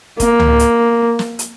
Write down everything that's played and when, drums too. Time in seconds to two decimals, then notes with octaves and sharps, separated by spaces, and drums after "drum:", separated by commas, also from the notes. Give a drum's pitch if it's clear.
0.20 A#3, drum: kick, hi-hat
0.40 drum: tom C#2
0.59 drum: hi-hat
1.19 drum: snare
1.39 drum: hi-hat